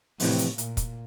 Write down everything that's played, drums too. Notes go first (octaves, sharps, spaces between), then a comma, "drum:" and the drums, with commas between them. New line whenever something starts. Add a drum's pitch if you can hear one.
F2 A2 C3 E3, drum: open hi-hat
drum: hi-hat
A#2, drum: hi-hat
drum: kick, hi-hat